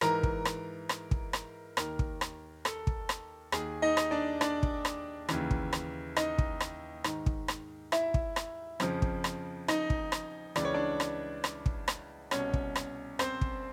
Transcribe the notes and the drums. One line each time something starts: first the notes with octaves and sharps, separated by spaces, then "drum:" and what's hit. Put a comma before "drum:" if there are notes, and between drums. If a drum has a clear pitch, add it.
G#2 E3 A#4 A#5, drum: rim click
drum: kick
drum: rim click
drum: rim click
drum: kick
drum: rim click
D#2 D#3 A#4 A#5, drum: rim click
drum: kick
drum: rim click
A4 A5, drum: rim click
drum: kick
drum: rim click
D#2 D#3 G#4 G#5, drum: rim click
D#4 D#5
drum: rim click
D4 D5
D4 D5, drum: rim click
drum: kick
drum: rim click
D#2 C#3 E3, drum: rim click
drum: kick
drum: rim click
D#4 D#5, drum: rim click
drum: kick
drum: rim click
G#2 D#3, drum: rim click
drum: kick
drum: rim click
E4 E5, drum: rim click
drum: kick
drum: rim click
F2 C#3 F3, drum: rim click
drum: kick
drum: rim click
D#4 D#5, drum: rim click
drum: kick
drum: rim click
C#2 C#3 E3 D5, drum: rim click
C#5
D4 D5
drum: rim click
drum: rim click
drum: kick
drum: rim click
C2 B2 C#4 C#5, drum: rim click
drum: kick
drum: rim click
C4 C5, drum: rim click
drum: kick